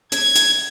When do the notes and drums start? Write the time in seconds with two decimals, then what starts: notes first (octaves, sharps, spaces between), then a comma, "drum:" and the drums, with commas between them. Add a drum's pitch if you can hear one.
0.12 G#6, drum: hi-hat
0.35 drum: hi-hat